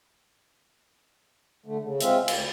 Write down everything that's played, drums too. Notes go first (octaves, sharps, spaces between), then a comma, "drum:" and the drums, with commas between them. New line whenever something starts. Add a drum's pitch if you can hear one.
D3 A3
C#3
G#3 C4 F4 E5, drum: hi-hat
D2, drum: cymbal